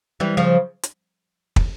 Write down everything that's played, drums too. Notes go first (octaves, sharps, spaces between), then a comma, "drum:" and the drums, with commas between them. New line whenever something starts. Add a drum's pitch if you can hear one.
E3 G3
C#3 F3
drum: hi-hat
drum: kick